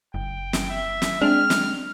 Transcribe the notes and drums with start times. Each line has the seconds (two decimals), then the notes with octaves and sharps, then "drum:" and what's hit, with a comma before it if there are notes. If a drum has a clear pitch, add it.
0.14 F#1 G5
0.53 drum: snare
0.69 E5
1.02 drum: snare
1.21 G#3 C4 D4 F6
1.50 drum: snare